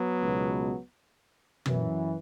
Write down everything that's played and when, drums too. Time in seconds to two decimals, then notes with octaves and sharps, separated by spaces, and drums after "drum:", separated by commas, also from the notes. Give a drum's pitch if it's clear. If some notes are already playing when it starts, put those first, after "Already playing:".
Already playing: F#3 B3
0.22 C#2 B2
1.66 F#2 E3, drum: tom